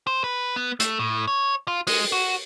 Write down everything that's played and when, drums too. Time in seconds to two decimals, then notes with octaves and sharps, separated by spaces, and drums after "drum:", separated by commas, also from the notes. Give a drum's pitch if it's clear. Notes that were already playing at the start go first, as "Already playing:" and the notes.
0.07 C5
0.24 B4
0.56 B3
0.80 A3, drum: hi-hat
0.99 A2
1.28 C#5
1.68 F4
1.87 G#3, drum: open hi-hat
2.12 F#4